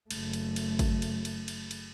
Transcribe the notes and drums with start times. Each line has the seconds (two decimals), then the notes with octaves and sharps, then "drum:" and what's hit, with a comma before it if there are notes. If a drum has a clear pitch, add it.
0.11 F#1 A3, drum: cymbal
0.33 drum: cymbal
0.56 drum: cymbal
0.79 drum: kick G#1, cymbal
1.02 drum: cymbal
1.25 drum: cymbal
1.48 drum: cymbal
1.71 drum: cymbal